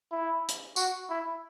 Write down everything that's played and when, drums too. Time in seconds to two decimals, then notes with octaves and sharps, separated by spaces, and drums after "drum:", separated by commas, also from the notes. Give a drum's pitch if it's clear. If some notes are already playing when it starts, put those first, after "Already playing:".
0.11 E4
0.49 drum: hi-hat
0.76 F#4, drum: tambourine
1.10 E4